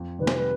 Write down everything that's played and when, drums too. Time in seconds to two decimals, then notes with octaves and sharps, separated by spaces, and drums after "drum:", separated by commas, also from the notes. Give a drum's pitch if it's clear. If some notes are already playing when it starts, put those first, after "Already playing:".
Already playing: F2
0.19 C3 D#3 G3 B4
0.27 C5, drum: snare
0.37 B4